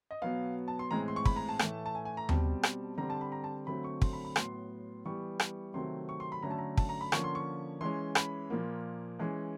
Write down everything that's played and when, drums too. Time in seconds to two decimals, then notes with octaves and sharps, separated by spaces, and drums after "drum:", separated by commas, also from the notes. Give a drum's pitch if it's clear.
0.11 D#5
0.22 B2 F#3 B3 F5
0.68 A5
0.79 C6
0.91 A2 E3 G#3 C4 A#5
1.08 C6
1.16 C#6
1.25 B5, drum: kick
1.36 A#5
1.49 A5
1.59 A2 E3 A3, drum: rim click
1.86 A5
1.95 G#5
2.05 G#5
2.17 A#5
2.29 B2 G3 C4 A5, drum: tom D#2
2.63 drum: rim click
2.97 D3 G3 C4 A#5
3.10 A5
3.21 B5
3.32 A#5
3.44 A5
3.67 D3 F#3 A3 C4 B5
3.84 C#6
4.02 C6, drum: kick
4.13 B5
4.25 B5
4.36 A2 F#3 B3 C6, drum: rim click
5.06 E3 G3 B3 C#6
5.39 drum: rim click
5.74 C3 D#3 F#3 A3 C4 C6
6.09 C#6
6.20 C6
6.32 B5
6.43 D3 F#3 A3 C#4 A#5
6.51 A5
6.58 A#5
6.77 A5, drum: kick
6.89 A#5
7.01 B5
7.12 D3 F3 A#3 C#4 C#6, drum: rim click
7.24 C6
7.35 C#6
7.81 E3 G#3 C#4 C6
8.15 B5, drum: rim click
8.50 A#2 F3 A#3
9.19 E3 G#3 C#4